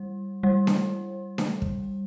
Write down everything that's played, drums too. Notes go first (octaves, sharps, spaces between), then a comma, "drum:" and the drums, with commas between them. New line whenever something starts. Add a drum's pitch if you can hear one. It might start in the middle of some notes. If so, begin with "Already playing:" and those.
Already playing: G3
G3
drum: snare D4
drum: snare D4
drum: kick